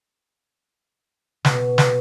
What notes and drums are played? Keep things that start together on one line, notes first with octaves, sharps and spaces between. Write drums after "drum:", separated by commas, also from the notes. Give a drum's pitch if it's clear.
B2, drum: snare
drum: snare